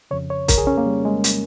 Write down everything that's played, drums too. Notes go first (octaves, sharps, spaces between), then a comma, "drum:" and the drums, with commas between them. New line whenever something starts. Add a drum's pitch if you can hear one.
F2 C#3 C#5
C#5
A#4, drum: kick, hi-hat
G#4
C#4
A#3
G3
G#3
drum: hi-hat